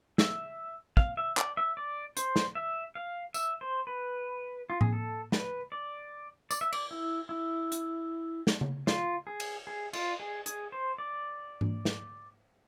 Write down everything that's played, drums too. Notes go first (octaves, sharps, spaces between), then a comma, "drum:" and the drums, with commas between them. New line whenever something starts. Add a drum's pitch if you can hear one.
E5, drum: snare
F5, drum: kick
E5
D5, drum: clap
E5
D5
C5, drum: hi-hat
drum: snare
E5
F5
E5, drum: tambourine
C5
B4
F4
G#4, drum: tom A2
A4
B4, drum: snare
D5
D5, drum: tambourine
E5
D5, drum: cymbal
E4
E4
drum: hi-hat
drum: snare
drum: tom C#3
F4, drum: snare
G#4
drum: cymbal
G#4
F4, drum: cymbal
G#4
G#4, drum: hi-hat
C5
D5
drum: tom G#2
drum: snare